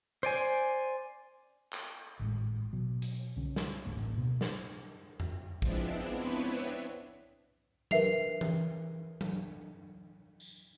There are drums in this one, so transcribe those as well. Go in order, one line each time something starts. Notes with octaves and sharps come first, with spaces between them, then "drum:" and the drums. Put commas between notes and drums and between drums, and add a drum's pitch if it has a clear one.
C5 D5 G#5, drum: hi-hat
drum: clap
G#1 A2 G#3
B2 F#3
drum: hi-hat
C2 D3 C#4
G3, drum: snare
D1 A1 F2 A#3
B2
drum: snare
drum: tom F2
F3 G#3 B3 C4 D4 E4, drum: kick A1
B3 C4 D4 E4 B4 C#5
A#4 B4 E5 C7 F7, drum: tom F#3
drum: tom E3
drum: tom F#3
drum: tambourine